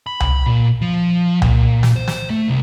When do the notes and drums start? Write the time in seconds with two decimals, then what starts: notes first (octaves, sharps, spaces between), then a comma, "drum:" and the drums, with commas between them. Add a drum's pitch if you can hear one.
0.07 B5
0.20 drum: tom C2
0.46 A#2
0.82 F3
1.42 A#2, drum: tom C2
1.83 drum: snare
1.96 C5
2.08 drum: snare
2.30 A3
2.48 C2